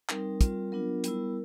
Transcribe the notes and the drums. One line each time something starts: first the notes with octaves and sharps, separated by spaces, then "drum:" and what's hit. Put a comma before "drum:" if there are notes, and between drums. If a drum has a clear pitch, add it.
G3 C4 D#4 A#4, drum: clap
G3 C4 F4, drum: kick, hi-hat
F#3 B3 D4 F4 A#4
G3 B3 E4, drum: hi-hat